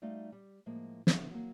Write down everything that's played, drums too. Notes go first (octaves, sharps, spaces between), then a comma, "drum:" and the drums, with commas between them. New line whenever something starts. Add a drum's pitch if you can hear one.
G3 A3 D#4 F#4 F5
G3
A2 F3 G#3 A#3
D3 E3 F3 A3 B3, drum: snare
F#3 A#3